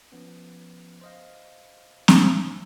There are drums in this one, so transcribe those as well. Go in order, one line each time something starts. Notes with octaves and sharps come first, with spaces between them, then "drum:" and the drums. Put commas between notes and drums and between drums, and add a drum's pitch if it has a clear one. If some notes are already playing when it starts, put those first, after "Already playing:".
F3 B3 C#4
C5 D#5 F5
drum: snare C4